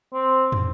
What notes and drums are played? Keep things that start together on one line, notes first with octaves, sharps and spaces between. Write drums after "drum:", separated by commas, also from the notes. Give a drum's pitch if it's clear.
C4
drum: tom